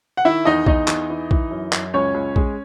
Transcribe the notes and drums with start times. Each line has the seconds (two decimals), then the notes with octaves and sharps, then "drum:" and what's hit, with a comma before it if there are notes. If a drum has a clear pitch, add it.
0.17 F#5
0.25 D#3 E4 E5
0.45 E2 D#4 D#5
0.66 E2 D#4 D#5, drum: kick
0.88 E2, drum: clap
1.10 E3
1.31 E3, drum: kick
1.51 F#2
1.73 F#2, drum: clap
1.93 C#2 C#4 C#5
2.14 C#2
2.36 G#3, drum: kick